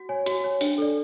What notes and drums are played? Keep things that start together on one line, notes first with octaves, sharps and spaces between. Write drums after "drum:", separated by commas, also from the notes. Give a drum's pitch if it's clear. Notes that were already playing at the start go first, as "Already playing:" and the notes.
Already playing: F#4
C#5 G#5
F#4, drum: hi-hat
C#5 G#5
D4, drum: open hi-hat
A4 D5